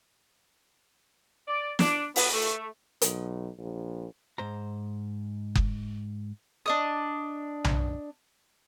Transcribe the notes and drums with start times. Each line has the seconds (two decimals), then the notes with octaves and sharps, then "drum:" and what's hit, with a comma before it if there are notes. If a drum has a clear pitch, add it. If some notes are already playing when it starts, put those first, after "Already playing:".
1.48 D5
1.79 D4, drum: snare
2.16 B3, drum: open hi-hat
2.33 A3
3.02 B1, drum: hi-hat
3.59 A#1
4.38 G#2 C5 A#5
5.55 drum: kick F#1
6.66 D4 D#5 D#6
7.64 drum: tom B1